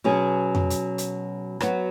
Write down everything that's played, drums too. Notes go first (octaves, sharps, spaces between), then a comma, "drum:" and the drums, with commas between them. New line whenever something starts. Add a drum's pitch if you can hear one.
B2 F#3 C#4 G#4
drum: tom F2
drum: hi-hat
drum: hi-hat
F#3 B3 F#4, drum: rim click